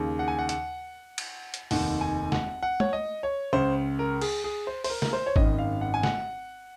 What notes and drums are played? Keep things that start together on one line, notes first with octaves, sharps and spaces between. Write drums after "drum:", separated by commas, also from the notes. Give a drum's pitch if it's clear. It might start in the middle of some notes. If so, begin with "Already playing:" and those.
Already playing: D#2 C#3
F#5
G#5
F#5
F#5, drum: hi-hat
drum: cymbal
drum: hi-hat
F1 D#2 D#3 F#5, drum: open hi-hat
G#5
F#5, drum: snare
F#5
C#5, drum: tom
D#5
C#5
C#2 C#3 C5
A#4
G#4, drum: cymbal
G#4
C5
C5, drum: open hi-hat
A#4
A#4, drum: snare
C5
C#5
G#1 F#2 D#3 D#5, drum: kick G#1
F5
F#5
G#5
F#5, drum: snare